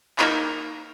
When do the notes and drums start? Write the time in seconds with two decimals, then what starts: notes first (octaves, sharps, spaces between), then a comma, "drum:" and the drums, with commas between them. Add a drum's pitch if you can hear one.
0.19 A#3 D#4 A#4, drum: clap